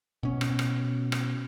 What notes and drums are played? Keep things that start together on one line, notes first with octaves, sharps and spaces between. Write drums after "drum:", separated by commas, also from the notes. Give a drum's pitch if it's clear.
B2 C#4
drum: rim click
drum: rim click
drum: rim click